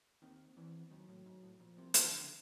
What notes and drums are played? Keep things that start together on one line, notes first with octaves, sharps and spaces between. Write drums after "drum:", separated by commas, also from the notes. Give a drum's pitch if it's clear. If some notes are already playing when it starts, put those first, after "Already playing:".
D#2 D#3 C4
E2 E3
D#2 D#3 F#3
A2
G#2
A2
A#2 F3
C2 C3
E2 E3 F3, drum: hi-hat
D#3
D2 D3
D3